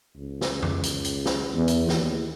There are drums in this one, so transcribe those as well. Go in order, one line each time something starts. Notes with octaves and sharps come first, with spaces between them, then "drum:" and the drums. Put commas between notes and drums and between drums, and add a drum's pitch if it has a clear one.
C#2
drum: snare
drum: tom F2
drum: hi-hat
drum: hi-hat
drum: snare
E2
drum: hi-hat
D#2, drum: snare